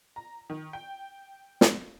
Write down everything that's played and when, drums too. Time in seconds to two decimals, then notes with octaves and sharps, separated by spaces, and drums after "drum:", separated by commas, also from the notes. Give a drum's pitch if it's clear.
0.16 A#5
0.50 D#3
0.73 G5
1.61 drum: snare